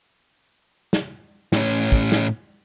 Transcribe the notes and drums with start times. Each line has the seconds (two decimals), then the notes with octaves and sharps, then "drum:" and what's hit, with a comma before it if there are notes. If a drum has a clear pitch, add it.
0.93 drum: snare
1.52 A2 C#4, drum: snare
1.92 drum: kick
2.12 drum: snare